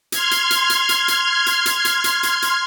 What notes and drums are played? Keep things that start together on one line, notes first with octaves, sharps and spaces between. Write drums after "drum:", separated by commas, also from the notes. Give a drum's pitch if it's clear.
C6 F6 G#6, drum: hi-hat
drum: hi-hat
drum: hi-hat
drum: hi-hat
drum: hi-hat
drum: hi-hat
drum: hi-hat
drum: hi-hat
drum: hi-hat
drum: hi-hat
drum: hi-hat
drum: hi-hat